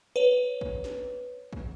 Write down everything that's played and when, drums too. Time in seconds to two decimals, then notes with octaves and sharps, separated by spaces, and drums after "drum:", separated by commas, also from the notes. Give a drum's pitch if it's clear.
0.16 B4 C#5
0.61 drum: kick A1
0.84 drum: snare
1.53 drum: kick A1